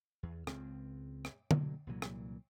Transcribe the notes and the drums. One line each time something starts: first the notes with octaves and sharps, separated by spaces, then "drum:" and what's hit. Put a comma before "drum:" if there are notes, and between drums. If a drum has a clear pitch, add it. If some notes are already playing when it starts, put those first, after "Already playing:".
E2
C#2 C4, drum: rim click
drum: rim click
B2 D3 F#3 A#3, drum: tom D3
C2 A#2 E3 F#3
drum: rim click